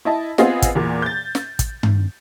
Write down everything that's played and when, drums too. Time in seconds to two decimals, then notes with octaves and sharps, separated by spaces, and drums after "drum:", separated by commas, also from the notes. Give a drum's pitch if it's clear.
0.05 E4 D#5 A5
0.38 B3 C4 F4 G#4 D#5, drum: snare
0.62 drum: kick, hi-hat
0.75 E2 A#2
1.02 G6 A6
1.35 drum: snare
1.59 drum: kick, hi-hat
1.83 drum: tom G2